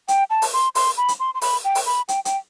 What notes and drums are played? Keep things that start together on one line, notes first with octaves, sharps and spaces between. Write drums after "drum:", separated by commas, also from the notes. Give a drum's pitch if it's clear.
G5, drum: hi-hat
A5
drum: open hi-hat
C6
C6, drum: open hi-hat
B5
drum: hi-hat
C6
C6
B5, drum: open hi-hat
G5
drum: open hi-hat
B5
G5, drum: hi-hat
G5, drum: hi-hat